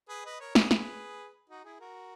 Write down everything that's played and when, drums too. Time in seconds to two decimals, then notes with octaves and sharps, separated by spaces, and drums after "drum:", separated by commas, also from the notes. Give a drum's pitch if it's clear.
0.08 G#4 B4
0.25 B4 D#5
0.40 A#4 C#5
0.55 G#4 B4, drum: snare
0.71 G#4 B4, drum: snare
1.49 D#4 F#4
1.64 E4 G#4
1.80 F#4 A#4